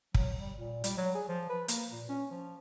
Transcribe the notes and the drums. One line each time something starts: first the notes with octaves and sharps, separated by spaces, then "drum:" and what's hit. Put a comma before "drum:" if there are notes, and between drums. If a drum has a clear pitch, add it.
F#3, drum: kick
G3
A#2
G3, drum: hi-hat
F#3
G#4
F3
B4
A#3, drum: hi-hat
A#2
C#4
F3